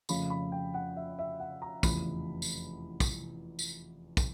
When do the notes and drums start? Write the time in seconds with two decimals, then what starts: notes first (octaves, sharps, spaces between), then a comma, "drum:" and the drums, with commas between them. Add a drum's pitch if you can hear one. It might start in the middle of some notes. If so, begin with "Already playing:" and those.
0.09 F2 C#3 F3 A3 B5, drum: tambourine
0.30 B5
0.52 G5
0.74 F#5
0.96 E5
1.19 E5
1.40 F#5
1.62 A#5
1.83 F1 E2 C#3 F3 B5, drum: kick, tambourine
2.42 drum: tambourine
3.00 drum: kick, tambourine
3.59 drum: tambourine
4.17 drum: kick, tambourine